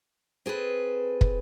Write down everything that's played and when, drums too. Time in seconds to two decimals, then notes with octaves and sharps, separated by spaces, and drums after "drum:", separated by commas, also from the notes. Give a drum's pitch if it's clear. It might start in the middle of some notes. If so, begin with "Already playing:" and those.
0.46 C4 G#4 A4 B4
1.21 drum: kick